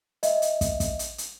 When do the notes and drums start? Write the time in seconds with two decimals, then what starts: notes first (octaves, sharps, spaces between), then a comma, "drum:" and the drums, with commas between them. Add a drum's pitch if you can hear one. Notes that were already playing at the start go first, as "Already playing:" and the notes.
0.23 D#5 E5, drum: hi-hat
0.42 drum: hi-hat
0.61 drum: kick, hi-hat
0.80 drum: kick, hi-hat
0.99 drum: hi-hat
1.18 drum: hi-hat